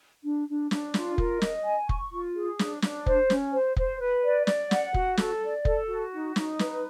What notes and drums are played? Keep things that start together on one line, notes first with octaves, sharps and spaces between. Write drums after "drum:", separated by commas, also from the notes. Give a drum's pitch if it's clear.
D4
D4
D4, drum: snare
F4, drum: snare
A#4, drum: kick F1
D#5, drum: snare
G#5
C#6, drum: kick F1
F4
G#4
D4, drum: snare
D4, drum: snare
C5, drum: kick F1
C#4, drum: snare
C5
C5, drum: kick F1
B4
D5
D5, drum: snare
F#5, drum: snare
F#4, drum: kick F1
A4, drum: snare
D5
A4, drum: kick F1
F#4
D#4
D#4, drum: snare
B4, drum: snare